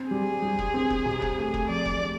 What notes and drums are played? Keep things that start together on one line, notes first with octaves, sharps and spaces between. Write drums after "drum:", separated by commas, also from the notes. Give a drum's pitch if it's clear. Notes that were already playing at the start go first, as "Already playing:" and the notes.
Already playing: C4
G3 G#4
G3
drum: kick F1
C4
drum: kick F1
C3
drum: kick F1
A3
drum: kick F1
F2 D5
drum: kick F1
A3